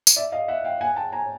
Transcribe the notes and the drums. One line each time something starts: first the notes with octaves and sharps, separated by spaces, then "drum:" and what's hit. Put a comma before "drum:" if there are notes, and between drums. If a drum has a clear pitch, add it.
drum: tambourine
D5 E5
D#5 F5
E5 F#5
F5 G5
F#5 G#5
G5 A5
G#5 A#5